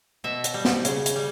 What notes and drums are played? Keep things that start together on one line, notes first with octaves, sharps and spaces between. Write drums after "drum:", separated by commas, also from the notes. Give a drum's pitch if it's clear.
B2 E5
drum: hi-hat
G3
drum: snare
C#3, drum: hi-hat
drum: hi-hat
G3